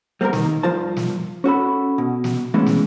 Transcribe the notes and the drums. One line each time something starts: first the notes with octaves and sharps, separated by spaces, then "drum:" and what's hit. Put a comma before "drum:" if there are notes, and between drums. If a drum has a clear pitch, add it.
G3 A#3 C4 G4 A#4
D#3, drum: snare
G2 F3 F4 A#4 C5 A5
drum: snare
C#4 F#4 A4 B5
B2
drum: snare
E3 G#3 A3 B3 C#4 E4
drum: snare